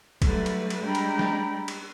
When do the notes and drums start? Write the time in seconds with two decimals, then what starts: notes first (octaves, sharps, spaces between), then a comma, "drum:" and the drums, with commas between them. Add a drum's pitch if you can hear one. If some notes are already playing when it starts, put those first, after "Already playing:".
0.22 D3 F#3 G3 A3 B4, drum: kick, cymbal
0.46 drum: cymbal
0.70 drum: cymbal
0.82 G3 G#3 D4 G5 A#5 B5
0.95 drum: cymbal
1.19 drum: snare
1.68 drum: cymbal